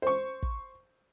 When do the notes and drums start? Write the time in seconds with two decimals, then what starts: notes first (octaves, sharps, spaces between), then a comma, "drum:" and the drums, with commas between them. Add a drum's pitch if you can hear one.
0.02 C5 C#6
0.43 drum: kick